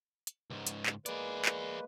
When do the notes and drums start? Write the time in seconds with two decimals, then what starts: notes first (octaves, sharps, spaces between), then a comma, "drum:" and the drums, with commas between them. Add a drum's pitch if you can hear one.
0.27 drum: hi-hat
0.50 C#2 G#2
0.67 drum: hi-hat
0.86 drum: clap
1.06 G#3 A#3 G#4 B4 D5, drum: hi-hat
1.45 drum: clap